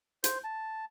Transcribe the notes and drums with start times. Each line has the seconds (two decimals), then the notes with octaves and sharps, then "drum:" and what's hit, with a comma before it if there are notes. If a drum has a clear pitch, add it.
0.24 C5, drum: hi-hat
0.44 A5